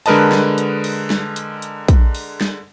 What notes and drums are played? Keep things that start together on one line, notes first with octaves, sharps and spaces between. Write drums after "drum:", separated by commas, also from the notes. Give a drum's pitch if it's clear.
D3 G#3 A#4 B4 D#5 A5, drum: open hi-hat
drum: snare
drum: hi-hat
drum: open hi-hat
drum: snare
drum: hi-hat
drum: hi-hat
drum: kick, hi-hat
drum: open hi-hat
drum: snare